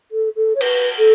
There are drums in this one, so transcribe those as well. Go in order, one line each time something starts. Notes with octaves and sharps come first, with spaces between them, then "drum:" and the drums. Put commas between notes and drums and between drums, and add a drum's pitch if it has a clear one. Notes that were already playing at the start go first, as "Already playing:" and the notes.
A4
A4
C#5
B4, drum: cymbal
A4